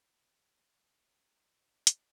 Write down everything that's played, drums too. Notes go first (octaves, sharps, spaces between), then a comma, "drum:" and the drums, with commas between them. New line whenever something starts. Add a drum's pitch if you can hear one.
D#4
F#3 C4
D4
drum: hi-hat